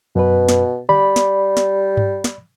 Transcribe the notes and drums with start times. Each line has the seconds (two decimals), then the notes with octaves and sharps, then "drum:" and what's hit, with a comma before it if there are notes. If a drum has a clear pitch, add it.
0.16 F#2 B2 B4
0.49 drum: snare
0.89 G3 D5 B5, drum: tom D3
1.16 drum: snare
1.57 drum: snare
1.97 drum: tom G2
2.24 drum: snare